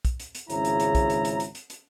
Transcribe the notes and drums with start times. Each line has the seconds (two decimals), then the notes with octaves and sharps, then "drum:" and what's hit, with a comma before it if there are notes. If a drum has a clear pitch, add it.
0.05 drum: kick, hi-hat
0.20 drum: hi-hat
0.35 drum: hi-hat
0.50 G#1 C#2 C#3 E4 C#5 A#5, drum: hi-hat
0.65 drum: hi-hat
0.80 drum: hi-hat
0.95 drum: kick, hi-hat
1.10 drum: hi-hat
1.25 drum: hi-hat
1.40 drum: hi-hat
1.55 drum: hi-hat
1.70 drum: hi-hat